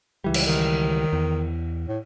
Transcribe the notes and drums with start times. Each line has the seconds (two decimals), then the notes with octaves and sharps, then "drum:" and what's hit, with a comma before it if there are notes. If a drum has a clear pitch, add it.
0.24 C#2 E3 G3
0.34 drum: cymbal
0.45 D#3
1.13 E2
1.88 A2